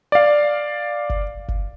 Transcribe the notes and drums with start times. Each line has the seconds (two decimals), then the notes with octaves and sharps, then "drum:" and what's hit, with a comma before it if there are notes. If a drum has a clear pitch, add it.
0.12 D5 F5
1.10 drum: kick
1.48 drum: kick